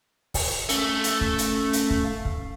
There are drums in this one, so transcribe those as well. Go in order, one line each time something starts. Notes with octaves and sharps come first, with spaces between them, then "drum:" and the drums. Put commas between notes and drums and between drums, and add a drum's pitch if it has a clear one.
drum: kick, open hi-hat
A3 C#4, drum: hi-hat
drum: hi-hat
drum: kick
drum: hi-hat
drum: hi-hat
drum: kick
F5
drum: kick